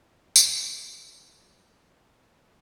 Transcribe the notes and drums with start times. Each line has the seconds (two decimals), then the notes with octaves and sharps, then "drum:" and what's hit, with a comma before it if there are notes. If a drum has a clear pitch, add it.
0.36 A2 F#3 B3, drum: tambourine
1.02 B2 B3 E4 A4
1.68 D3 B3 F#4 A4
2.33 F#2 D3 A3